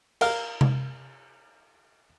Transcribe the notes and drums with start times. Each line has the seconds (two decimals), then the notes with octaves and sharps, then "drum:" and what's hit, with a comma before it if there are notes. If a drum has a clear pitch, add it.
0.21 A#4 F5 F6, drum: cymbal
0.61 drum: tom C3